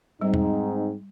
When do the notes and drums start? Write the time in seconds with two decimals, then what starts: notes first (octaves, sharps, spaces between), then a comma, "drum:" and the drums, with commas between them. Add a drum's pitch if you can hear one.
0.21 G#2 G3 C4 D#4
0.34 drum: tom E2